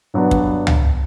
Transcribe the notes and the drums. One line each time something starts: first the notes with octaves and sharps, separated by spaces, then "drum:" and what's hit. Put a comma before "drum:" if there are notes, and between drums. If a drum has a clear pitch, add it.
G2 F#3 B3 D4
drum: kick
drum: tom C#2